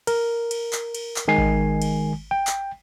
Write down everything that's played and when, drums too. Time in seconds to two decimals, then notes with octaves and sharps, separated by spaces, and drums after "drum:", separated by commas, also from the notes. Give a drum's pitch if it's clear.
0.07 A#4, drum: cymbal
0.51 drum: cymbal
0.73 drum: clap
0.94 drum: cymbal
1.16 drum: clap
1.28 D#3 G#3 G#5 C7
1.38 drum: kick A1
1.82 drum: cymbal
2.31 G5
2.47 drum: clap